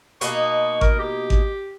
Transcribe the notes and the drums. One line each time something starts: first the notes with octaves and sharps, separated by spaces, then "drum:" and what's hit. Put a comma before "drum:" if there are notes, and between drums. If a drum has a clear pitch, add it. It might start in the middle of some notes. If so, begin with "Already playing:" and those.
B2 A#3 D#4 C#6, drum: hi-hat
A#4, drum: kick G#1
G4
drum: kick G#1